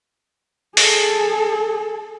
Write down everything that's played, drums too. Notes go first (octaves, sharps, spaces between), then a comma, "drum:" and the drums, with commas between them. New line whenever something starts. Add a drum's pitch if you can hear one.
G#4 A4, drum: open hi-hat